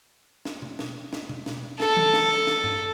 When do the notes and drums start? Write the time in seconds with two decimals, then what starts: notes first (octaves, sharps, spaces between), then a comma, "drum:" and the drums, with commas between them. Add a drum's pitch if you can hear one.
0.45 drum: snare
0.62 drum: tom B2
0.79 drum: snare
1.13 drum: snare
1.29 drum: tom B2
1.46 drum: snare
1.80 A4, drum: snare
1.97 drum: tom D#3
2.13 drum: snare
2.47 drum: snare
2.64 drum: tom G2